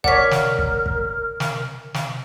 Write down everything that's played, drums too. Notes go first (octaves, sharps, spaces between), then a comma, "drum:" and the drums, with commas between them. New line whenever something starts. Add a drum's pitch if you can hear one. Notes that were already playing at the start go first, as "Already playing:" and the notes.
A#4 C#5 D5 F#5 B6, drum: kick
drum: snare
drum: kick
drum: kick
drum: snare
drum: snare